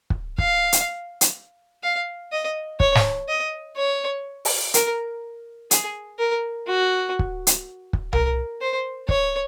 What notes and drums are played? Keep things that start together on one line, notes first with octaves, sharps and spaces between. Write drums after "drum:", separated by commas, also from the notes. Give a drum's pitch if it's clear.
drum: kick
F5, drum: kick
drum: hi-hat
drum: hi-hat
F5
D#5
C#5, drum: kick
drum: snare
D#5
C#5
drum: open hi-hat
A#4, drum: hi-hat
G#4, drum: hi-hat
A#4
F#4
drum: kick
drum: hi-hat
drum: kick
A#4, drum: tom C2
C5
C#5, drum: kick